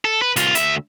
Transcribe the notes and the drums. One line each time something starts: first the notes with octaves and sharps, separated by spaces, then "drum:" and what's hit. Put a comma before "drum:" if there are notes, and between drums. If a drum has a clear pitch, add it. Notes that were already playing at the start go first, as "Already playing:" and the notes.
A4
B4
C2 F4, drum: hi-hat
D2 E5, drum: hi-hat